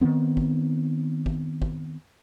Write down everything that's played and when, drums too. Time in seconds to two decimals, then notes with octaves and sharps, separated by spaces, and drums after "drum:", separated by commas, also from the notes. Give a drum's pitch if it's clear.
0.01 D#3 F3 B3 C4
0.37 drum: kick
1.26 drum: kick
1.62 drum: kick